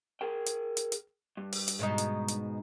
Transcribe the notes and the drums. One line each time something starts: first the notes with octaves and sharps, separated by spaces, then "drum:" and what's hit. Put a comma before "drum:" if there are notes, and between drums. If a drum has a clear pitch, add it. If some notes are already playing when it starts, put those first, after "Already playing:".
G#4 A#4 G5
drum: hi-hat
drum: hi-hat
drum: hi-hat
G2
drum: open hi-hat
drum: hi-hat
G#2 B2 D#4
drum: hi-hat
drum: hi-hat